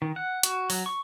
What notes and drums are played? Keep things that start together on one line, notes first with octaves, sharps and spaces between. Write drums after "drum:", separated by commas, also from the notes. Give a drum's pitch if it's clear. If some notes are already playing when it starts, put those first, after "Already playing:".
D#3
F#5
F#4, drum: hi-hat
F#3, drum: open hi-hat
C#6